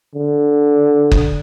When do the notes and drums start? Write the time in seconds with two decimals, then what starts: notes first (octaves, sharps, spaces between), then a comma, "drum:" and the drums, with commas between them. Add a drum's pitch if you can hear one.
0.15 D3
1.11 drum: kick F#1